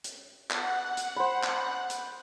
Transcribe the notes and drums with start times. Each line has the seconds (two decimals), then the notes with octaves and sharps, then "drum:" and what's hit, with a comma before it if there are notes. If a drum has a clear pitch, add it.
0.04 drum: hi-hat
0.51 F#5, drum: clap
0.97 drum: hi-hat
1.16 C5 B5
1.43 drum: clap
1.90 drum: hi-hat